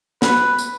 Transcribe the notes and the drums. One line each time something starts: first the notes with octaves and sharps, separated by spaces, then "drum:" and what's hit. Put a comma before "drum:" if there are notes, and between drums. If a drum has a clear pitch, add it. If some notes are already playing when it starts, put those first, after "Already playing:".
B4, drum: snare
drum: tambourine